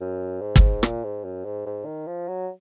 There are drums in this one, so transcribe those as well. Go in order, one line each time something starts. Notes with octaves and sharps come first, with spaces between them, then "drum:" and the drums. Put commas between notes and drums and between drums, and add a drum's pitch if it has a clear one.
F#2
G#2
drum: kick
A#2, drum: rim click
G#2
F#2
G#2
G#2
D#3
F3
F#3